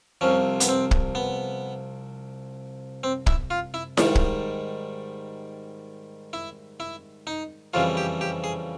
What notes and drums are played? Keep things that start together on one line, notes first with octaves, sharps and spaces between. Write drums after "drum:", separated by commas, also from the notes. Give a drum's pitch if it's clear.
C2 C3 F3 C#4
B3, drum: hi-hat
C4
drum: kick
B3
C4
E4, drum: kick
F4
E4
G#2 D#3 G3, drum: snare E4
drum: kick
E4
E4
D#4
F2 C#3 E3 G3 F4
G4
G4
G#4